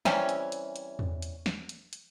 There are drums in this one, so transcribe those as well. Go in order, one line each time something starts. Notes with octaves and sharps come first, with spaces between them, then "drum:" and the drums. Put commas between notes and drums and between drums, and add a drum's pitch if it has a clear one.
C3 E3 G3 C#4, drum: snare
drum: hi-hat
drum: hi-hat
drum: hi-hat
drum: tom E2
drum: hi-hat
drum: snare
drum: hi-hat
drum: hi-hat